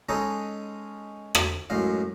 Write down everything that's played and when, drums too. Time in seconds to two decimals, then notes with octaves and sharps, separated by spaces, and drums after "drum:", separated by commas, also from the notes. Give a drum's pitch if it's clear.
0.09 G#3 C#4 D#4 G#4 A4
1.35 drum: rim click
1.70 F#2 A2 G#3 F5